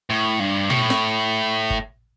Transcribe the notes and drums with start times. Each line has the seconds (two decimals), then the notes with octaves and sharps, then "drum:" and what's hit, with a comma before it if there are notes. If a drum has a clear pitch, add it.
0.10 A2
0.40 G2
0.70 A2, drum: tom
0.90 drum: snare
1.70 drum: kick G1